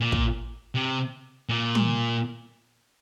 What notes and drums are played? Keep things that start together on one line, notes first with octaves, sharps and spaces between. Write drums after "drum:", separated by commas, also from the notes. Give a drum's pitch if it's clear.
A#2
drum: kick
C3
A#2
drum: tom